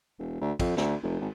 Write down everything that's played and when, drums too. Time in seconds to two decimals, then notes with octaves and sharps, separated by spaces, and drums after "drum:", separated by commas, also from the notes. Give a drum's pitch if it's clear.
0.19 E1
0.41 D2
0.60 F2, drum: kick, cymbal
0.77 D2, drum: snare
1.03 F1
1.21 G#1